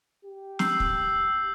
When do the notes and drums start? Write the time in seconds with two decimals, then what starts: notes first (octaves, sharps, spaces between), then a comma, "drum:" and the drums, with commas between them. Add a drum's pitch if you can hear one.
0.25 G4
0.59 E6 G6 C7, drum: snare
0.80 drum: kick